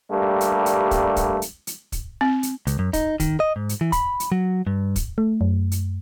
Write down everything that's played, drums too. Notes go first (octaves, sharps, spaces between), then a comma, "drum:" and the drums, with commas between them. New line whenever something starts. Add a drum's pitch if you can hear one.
G2 G3 A3 A#3
drum: hi-hat
drum: hi-hat
drum: kick, hi-hat
drum: kick, hi-hat
drum: hi-hat
drum: hi-hat
drum: kick, hi-hat
C4
drum: hi-hat
C#2, drum: hi-hat
F#2
D#4, drum: kick, hi-hat
D#3, drum: kick, hi-hat
D#5
G#2
drum: hi-hat
E3
B5, drum: kick, hi-hat
drum: hi-hat
F#3
G2
drum: kick, hi-hat
A3
F#2
drum: hi-hat